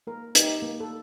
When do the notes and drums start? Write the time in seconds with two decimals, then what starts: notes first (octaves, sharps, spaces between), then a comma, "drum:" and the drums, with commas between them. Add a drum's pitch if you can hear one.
0.07 A#3 A#4
0.35 D#4 G4, drum: hi-hat
0.62 A#3
0.80 A4